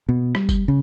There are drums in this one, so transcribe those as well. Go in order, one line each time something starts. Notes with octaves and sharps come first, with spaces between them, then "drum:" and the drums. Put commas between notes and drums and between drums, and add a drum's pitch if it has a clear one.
B2
G3, drum: rim click
drum: kick F#1, tambourine
C#3